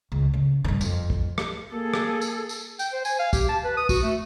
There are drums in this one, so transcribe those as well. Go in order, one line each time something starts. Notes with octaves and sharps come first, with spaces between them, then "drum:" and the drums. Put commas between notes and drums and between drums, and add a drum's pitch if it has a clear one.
C#2
C#3
G2 D#3
F2, drum: tambourine
drum: kick
drum: rim click
A#3 G#4 A4
drum: rim click
drum: tambourine
drum: tambourine
G5, drum: tambourine
C5
G#5, drum: tambourine
F5
G4, drum: kick, tambourine
A5
B4
D#6
F#4, drum: kick, tambourine
A3